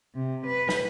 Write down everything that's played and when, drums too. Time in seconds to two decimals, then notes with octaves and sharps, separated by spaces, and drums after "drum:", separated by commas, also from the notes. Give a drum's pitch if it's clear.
0.15 C3
0.46 B4
0.69 drum: snare